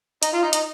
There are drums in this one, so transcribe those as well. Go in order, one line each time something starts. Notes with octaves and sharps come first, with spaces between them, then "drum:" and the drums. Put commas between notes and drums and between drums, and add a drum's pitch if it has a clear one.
D#4, drum: hi-hat
F4
D#4
D#4, drum: hi-hat